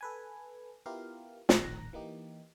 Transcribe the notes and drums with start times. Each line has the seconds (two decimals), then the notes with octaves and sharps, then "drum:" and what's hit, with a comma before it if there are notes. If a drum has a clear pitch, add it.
0.01 A4 B4 G#5
0.86 B3 E4 F4 G4 A#4 F5
1.49 A#1 A2 D#3 A#5 F#6 A#6, drum: snare
1.93 E3 A#3 D#4 G4